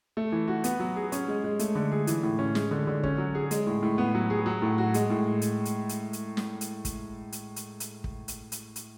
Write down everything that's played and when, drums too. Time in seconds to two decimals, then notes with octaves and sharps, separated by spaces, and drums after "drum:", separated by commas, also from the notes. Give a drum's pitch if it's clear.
0.17 A3
0.32 E3
0.48 F#4
0.64 B3, drum: hi-hat
0.80 F#3
0.96 G#4
1.12 C#4, drum: hi-hat
1.28 G#3
1.44 G#3
1.59 A3, drum: hi-hat
1.75 D3
1.92 G#4
2.07 E3, drum: hi-hat
2.23 A2
2.39 C#4
2.55 G#3, drum: snare
2.71 D3
2.87 D3
3.03 C#4, drum: kick
3.18 F#3
3.35 G#4
3.51 G#3, drum: hi-hat
3.66 A2
3.83 A2
3.98 B3
4.15 F#3
4.30 G#4
4.46 F#3
4.62 A2
4.78 F#4
4.94 G#3, drum: hi-hat
5.10 A2
5.42 drum: hi-hat
5.65 drum: hi-hat
5.89 drum: hi-hat
6.13 drum: hi-hat
6.37 drum: snare
6.61 drum: hi-hat
6.85 drum: kick, hi-hat
7.32 drum: hi-hat
7.56 drum: hi-hat
7.80 drum: hi-hat
8.04 drum: kick
8.28 drum: hi-hat
8.52 drum: hi-hat
8.76 drum: hi-hat